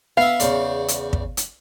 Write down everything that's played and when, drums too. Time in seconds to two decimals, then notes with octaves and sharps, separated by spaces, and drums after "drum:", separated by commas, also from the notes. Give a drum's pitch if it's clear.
0.17 B3 E5 F5
0.40 E2 C#3 D5, drum: hi-hat
0.88 drum: hi-hat
1.13 drum: kick
1.37 drum: hi-hat